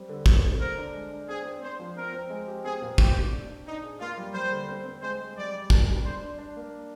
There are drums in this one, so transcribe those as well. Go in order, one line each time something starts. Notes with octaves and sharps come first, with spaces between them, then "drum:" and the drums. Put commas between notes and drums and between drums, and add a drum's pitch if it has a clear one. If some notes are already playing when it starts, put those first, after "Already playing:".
Already playing: G3 C4
D3
D3, drum: kick
D3
A#4 C5
D4
G#3
D4
C4 G#4
C4
C4 C5
F3
C4 A#4
C4
G#3
G4
C4 G#4
A#2
A#2 G4, drum: kick
C4
D4
D4
D4 D#4
G#4
A#3 F4
G3
G3 C5
D3
C4
C4
G#3 C5
G#3
G3 D5
G3
G3, drum: kick
G3
D4 C5
D4
D4
A#3